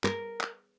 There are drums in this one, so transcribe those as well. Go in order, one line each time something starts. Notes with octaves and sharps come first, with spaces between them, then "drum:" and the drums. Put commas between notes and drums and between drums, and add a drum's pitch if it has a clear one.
A#4, drum: clap
drum: clap